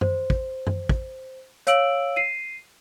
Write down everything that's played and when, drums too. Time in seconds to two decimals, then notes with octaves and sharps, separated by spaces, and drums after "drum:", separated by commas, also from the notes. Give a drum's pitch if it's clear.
0.01 C5, drum: tom F#2
0.30 drum: kick
0.67 drum: tom F#2
0.89 drum: kick
1.67 C#5 F5 E6 D7 F#7, drum: hi-hat
2.16 C7 D#7